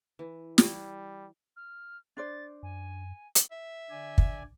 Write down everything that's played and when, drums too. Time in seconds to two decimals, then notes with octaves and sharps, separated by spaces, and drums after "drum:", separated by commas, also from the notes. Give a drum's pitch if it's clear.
0.19 E3
0.58 G3, drum: snare
1.56 F6
2.17 D4 C5 D5 A6
2.63 F#2 G#5
3.35 drum: hi-hat
3.51 E5
3.90 D3 D5 G#5
4.18 drum: kick